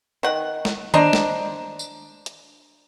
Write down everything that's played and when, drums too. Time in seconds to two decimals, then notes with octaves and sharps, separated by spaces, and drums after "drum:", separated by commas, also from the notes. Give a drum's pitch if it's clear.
0.23 D#3 F#5
0.65 drum: snare
0.94 D4 C5 D#5 A#5, drum: tom D#3
1.13 drum: snare
1.79 drum: tambourine
2.26 drum: hi-hat